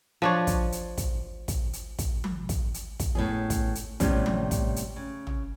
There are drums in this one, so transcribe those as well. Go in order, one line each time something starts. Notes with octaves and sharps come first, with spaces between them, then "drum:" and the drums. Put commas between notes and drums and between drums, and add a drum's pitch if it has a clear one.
F3 D4 C#5
drum: kick, hi-hat
drum: hi-hat
drum: kick, hi-hat
drum: kick, hi-hat
drum: hi-hat
drum: kick, hi-hat
drum: tom F3
drum: kick, hi-hat
drum: hi-hat
drum: kick, hi-hat
A2 B3 C#4 G#4
drum: kick, hi-hat
drum: hi-hat
A2 C3 G3 B3 C#4, drum: kick, hi-hat
drum: tom F3
drum: kick, hi-hat
drum: hi-hat
C#3
drum: tom